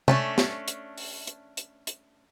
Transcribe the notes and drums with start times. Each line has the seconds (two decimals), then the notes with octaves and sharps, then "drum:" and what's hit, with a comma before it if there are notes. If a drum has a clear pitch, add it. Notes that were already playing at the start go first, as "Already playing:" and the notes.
0.08 A3 C#4 D4, drum: tom C3
0.38 drum: snare
0.68 drum: hi-hat
0.98 drum: open hi-hat
1.27 drum: hi-hat
1.57 drum: hi-hat
1.87 drum: hi-hat